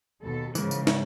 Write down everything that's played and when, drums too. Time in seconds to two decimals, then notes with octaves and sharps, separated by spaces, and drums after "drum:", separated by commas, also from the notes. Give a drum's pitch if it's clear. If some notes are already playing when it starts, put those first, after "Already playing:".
0.21 D#2 B2 A4
0.55 G#2 C#3 E3 F3 A#3, drum: tambourine
0.71 drum: tambourine
0.87 drum: snare